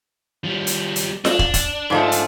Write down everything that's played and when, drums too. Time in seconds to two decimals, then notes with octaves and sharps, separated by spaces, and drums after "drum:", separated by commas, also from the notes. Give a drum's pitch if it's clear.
0.44 F3 G3
0.67 drum: hi-hat
0.96 drum: hi-hat
1.25 D4, drum: snare F4
1.39 drum: kick
1.54 drum: kick, hi-hat
1.90 G#2 F3 A3
2.12 drum: hi-hat